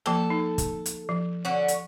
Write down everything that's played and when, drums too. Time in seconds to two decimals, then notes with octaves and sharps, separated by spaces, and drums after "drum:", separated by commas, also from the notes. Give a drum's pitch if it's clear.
0.06 F3 A#3 A4 A5
0.30 D#4
0.58 drum: kick, hi-hat
0.86 drum: hi-hat
1.09 F3
1.45 D3 C#4 F#4
1.68 drum: hi-hat